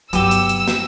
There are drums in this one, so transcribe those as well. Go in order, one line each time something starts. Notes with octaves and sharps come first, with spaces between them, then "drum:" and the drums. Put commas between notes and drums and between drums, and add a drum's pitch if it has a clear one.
G1 C3 F#3 B3 G4 E6, drum: hi-hat
drum: hi-hat
drum: hi-hat
drum: snare